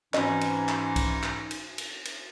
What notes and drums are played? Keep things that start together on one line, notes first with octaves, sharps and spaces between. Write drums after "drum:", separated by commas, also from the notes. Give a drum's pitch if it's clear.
G#2 E3 C4 C#4 F#4 D#5, drum: clap
drum: cymbal
drum: clap
drum: kick B1, cymbal
drum: clap
drum: cymbal
drum: cymbal
drum: cymbal